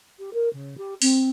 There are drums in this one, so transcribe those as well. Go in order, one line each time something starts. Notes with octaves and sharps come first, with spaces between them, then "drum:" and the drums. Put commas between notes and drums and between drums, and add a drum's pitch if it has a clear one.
G4
A#4
C#3
G4
C4, drum: open hi-hat